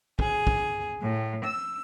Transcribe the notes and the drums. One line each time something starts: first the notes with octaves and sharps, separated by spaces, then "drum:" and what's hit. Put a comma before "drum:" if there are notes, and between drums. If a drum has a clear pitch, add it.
G#4, drum: kick
drum: kick
A2
E6